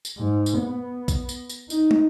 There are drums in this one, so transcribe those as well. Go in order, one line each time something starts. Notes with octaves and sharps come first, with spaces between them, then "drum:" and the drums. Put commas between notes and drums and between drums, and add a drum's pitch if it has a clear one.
drum: tambourine
G#2
drum: tambourine
B3
drum: kick B1, tambourine
drum: tambourine
drum: tambourine
D#4, drum: tambourine
drum: tom